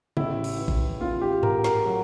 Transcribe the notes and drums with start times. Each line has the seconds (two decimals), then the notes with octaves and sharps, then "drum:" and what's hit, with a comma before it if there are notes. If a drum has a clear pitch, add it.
0.17 A1 E4, drum: tom C3
0.44 drum: cymbal
0.58 E3
0.68 drum: kick A1
1.01 A1 F4
1.21 G4
1.43 A2 A#4, drum: tom G2
1.64 A#4, drum: snare
1.85 F#3